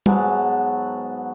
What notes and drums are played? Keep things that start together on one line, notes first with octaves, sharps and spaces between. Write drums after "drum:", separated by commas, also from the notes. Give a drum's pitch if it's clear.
G#2 F#3 B3 A5, drum: tom G3